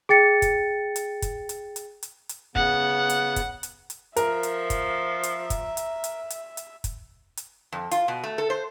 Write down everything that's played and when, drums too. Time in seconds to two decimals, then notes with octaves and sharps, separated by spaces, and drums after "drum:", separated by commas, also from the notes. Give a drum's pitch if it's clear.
0.09 G#4 G5 A6 C#7
0.42 drum: kick, hi-hat
0.96 drum: hi-hat
1.22 drum: kick, hi-hat
1.49 drum: hi-hat
1.76 drum: hi-hat
2.03 drum: hi-hat
2.29 drum: hi-hat
2.55 C#3 B3 F#5, drum: kick
3.10 drum: hi-hat
3.36 drum: kick, hi-hat
3.63 drum: hi-hat
3.90 drum: hi-hat
4.16 F3 A#4 E5, drum: hi-hat
4.43 drum: hi-hat
4.70 drum: kick, hi-hat
5.23 drum: hi-hat
5.50 drum: kick, hi-hat
5.77 drum: hi-hat
6.04 drum: hi-hat
6.30 drum: hi-hat
6.57 drum: hi-hat
6.84 drum: kick, hi-hat
7.37 drum: hi-hat
7.72 F2
7.91 F4, drum: hi-hat
8.08 B2
8.24 A3
8.38 A4
8.50 C5